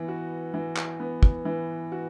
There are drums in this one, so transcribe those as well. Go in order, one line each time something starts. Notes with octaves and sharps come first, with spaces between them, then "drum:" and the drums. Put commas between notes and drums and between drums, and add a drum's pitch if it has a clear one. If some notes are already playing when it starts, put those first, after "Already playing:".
Already playing: E3 B3
F#4
E3
drum: clap
B3
drum: kick
E3
F#4